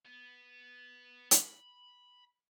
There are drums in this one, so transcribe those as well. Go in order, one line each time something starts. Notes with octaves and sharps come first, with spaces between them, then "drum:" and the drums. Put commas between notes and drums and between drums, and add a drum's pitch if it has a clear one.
B3
B5, drum: hi-hat